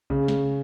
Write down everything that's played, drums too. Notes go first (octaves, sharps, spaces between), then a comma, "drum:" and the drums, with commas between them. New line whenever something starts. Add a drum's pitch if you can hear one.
C#3, drum: kick B1
drum: snare